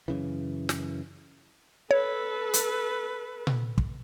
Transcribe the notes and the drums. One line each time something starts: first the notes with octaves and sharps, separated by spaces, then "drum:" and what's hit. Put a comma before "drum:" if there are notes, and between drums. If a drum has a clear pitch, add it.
F#2 C#3 E3
drum: snare
A4 B4 C#5
drum: hi-hat
drum: tom A#2
drum: kick